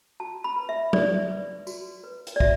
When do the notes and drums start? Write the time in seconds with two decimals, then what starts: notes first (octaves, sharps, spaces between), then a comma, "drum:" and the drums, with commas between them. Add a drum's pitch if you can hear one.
0.20 F#4 A5
0.44 B5
0.56 B4
0.69 E5
0.93 F#4 D5, drum: tom
1.30 B4
1.67 F#4, drum: tambourine
2.04 B4
2.27 drum: hi-hat
2.36 D5
2.40 F#4 E5, drum: kick